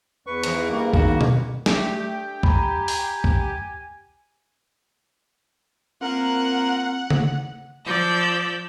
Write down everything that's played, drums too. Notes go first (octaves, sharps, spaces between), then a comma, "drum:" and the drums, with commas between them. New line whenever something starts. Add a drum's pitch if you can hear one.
E2 B4 C#6
G#2 E3, drum: hi-hat
G2 A#3
D#3 D#4 F#4, drum: kick
drum: tom B2
A3 D4 G4 A4, drum: snare
G#5 A#5 B5, drum: kick
drum: open hi-hat
drum: kick
A#3 C4 F4 A#4 F#5
drum: tom C#3
F3 D5 E6 G6